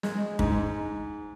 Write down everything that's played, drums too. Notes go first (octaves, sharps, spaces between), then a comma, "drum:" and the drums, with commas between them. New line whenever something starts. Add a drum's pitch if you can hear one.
G#3, drum: snare
G#2, drum: kick